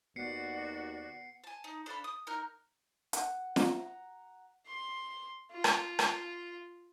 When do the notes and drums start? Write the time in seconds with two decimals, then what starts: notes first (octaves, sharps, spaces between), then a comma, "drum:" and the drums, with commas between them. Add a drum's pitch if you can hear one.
0.16 D#2 B3 F#4 D5 C7 C#7
1.44 G#5 A5
1.64 D#4
1.86 D4 A4 F5 B5
2.04 D#6
2.27 D#4 A#4 F6 F#6
3.13 F#5, drum: hi-hat
3.56 A#5, drum: snare
4.66 C6
5.51 F4
5.64 drum: rim click
5.99 drum: rim click